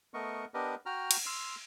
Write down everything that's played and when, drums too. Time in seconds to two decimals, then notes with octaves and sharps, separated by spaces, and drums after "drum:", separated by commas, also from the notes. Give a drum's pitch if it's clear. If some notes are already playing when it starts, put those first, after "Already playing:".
0.14 A3 B3 A#4 D#5 C#6
0.54 B3 D4 G4 A#4 B4 D#5
0.86 F#4 G5 A#5 F6
1.11 drum: cymbal
1.26 C6 E6 F6